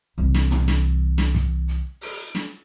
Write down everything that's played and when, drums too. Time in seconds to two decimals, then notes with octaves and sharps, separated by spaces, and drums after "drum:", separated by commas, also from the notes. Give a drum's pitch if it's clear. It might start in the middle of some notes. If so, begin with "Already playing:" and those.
0.18 C2 E3
0.34 drum: snare
0.51 drum: tom
0.68 drum: snare
1.18 drum: snare
1.35 drum: kick, hi-hat
1.68 drum: hi-hat
2.01 drum: open hi-hat
2.35 drum: snare